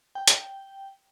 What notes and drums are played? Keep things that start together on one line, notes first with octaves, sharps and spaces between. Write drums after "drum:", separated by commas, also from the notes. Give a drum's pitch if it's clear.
G5
drum: hi-hat